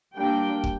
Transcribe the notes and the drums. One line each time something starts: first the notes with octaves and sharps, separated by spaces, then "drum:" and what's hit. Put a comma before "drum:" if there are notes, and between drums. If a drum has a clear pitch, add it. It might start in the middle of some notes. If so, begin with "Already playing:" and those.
G3 A#3 D4 G5
drum: kick